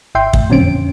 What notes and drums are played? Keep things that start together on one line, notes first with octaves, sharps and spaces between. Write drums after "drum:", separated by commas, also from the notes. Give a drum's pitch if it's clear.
G#1 E5 G5 C6
A2, drum: kick
A#2 D3 F#3 C4 C#4 D7
F2